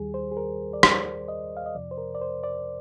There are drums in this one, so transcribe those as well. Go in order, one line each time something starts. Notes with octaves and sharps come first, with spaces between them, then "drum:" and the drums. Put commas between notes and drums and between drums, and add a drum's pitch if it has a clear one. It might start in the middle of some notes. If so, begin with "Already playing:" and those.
Already playing: D#2 D#3 G3 G#4
C5
G#4
A#4
D5
C5, drum: rim click
D#5
F5
D#5
F2 C3 F3 D5
C5
A#4
D5
C5
D5